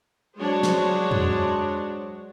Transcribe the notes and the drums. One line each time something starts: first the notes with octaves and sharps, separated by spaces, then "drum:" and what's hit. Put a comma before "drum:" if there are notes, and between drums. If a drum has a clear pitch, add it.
F#3 G#3 D4 F#4 C5 C#5
drum: snare
drum: tom